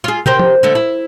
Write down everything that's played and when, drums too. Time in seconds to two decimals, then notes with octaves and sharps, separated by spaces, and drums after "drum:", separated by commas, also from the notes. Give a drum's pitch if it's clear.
0.04 F4 G#4
0.26 G4 A#4 C5, drum: tom
0.39 drum: tom
0.63 D3 A3 A4
0.75 E4